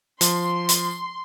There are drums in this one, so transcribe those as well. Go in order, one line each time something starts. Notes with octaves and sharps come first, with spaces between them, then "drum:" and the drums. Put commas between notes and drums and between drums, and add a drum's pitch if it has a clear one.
F3 C6, drum: hi-hat
drum: hi-hat